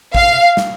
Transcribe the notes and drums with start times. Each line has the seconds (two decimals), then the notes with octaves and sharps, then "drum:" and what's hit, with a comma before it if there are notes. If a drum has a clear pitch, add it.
0.15 F5, drum: kick
0.57 drum: snare